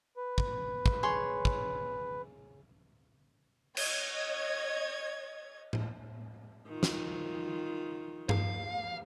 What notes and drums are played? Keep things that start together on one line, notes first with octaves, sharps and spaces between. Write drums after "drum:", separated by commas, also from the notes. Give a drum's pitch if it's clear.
B4
drum: kick
drum: kick
G#4 C#5 C6
drum: kick
C#5 D#5 G#6, drum: cymbal
drum: tom A2
D#3 F4
drum: snare
F5, drum: tom G2